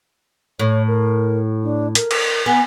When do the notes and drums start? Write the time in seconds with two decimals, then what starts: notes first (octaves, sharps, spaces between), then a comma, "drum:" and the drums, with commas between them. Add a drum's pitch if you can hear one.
0.59 A2 C#5
0.87 A#4
1.63 D4
1.95 A#4, drum: hi-hat
2.11 drum: cymbal
2.46 B3 G#5